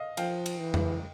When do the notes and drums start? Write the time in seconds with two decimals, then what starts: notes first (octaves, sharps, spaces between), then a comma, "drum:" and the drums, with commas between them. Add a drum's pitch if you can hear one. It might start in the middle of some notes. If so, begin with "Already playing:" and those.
Already playing: D#5 F5
0.17 F3 F5 G5, drum: cymbal
0.46 drum: cymbal
0.59 E3
0.74 drum: tom F2